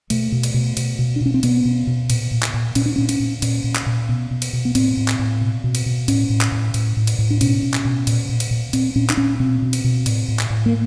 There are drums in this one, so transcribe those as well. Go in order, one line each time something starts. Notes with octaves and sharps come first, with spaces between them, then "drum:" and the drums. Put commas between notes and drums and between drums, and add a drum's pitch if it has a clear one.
B2 A3, drum: cymbal
B2
drum: cymbal
B2
B2, drum: cymbal
B2
D4
B2 C#4
C4
B2 B3, drum: cymbal
B2
B2
A#2, drum: cymbal
A#2
drum: clap
A#2
A#2 C#4, drum: cymbal
D4
A#2 C#4
C#4, drum: cymbal
A#2
A#2 C#4, drum: cymbal
A#2
drum: clap
A#2
B2
B2
drum: cymbal
B2
B3
A2 C4, drum: cymbal
A2
drum: clap
A2
B2
B2
drum: cymbal
B2
A2 C#4, drum: cymbal
A2
drum: clap
A2
A2, drum: cymbal
A2
drum: cymbal
A2
D4
B2 C#4, drum: cymbal
B2
drum: clap
B2
A#2, drum: cymbal
A#2
drum: cymbal
A#2
A#2 C4, drum: cymbal
A#2 C#4
D4, drum: clap
A#2 C#4
B2 C4
B2
drum: cymbal
B2
A2, drum: cymbal
A2
drum: clap
A2
A#3